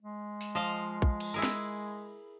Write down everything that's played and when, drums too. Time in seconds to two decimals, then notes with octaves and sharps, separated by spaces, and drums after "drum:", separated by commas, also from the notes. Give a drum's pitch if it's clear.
0.02 G#3
0.41 drum: open hi-hat
0.55 F3 D#5 F5
1.02 drum: kick A#1
1.20 drum: cymbal
1.34 E4 G#4 A#4
1.43 drum: snare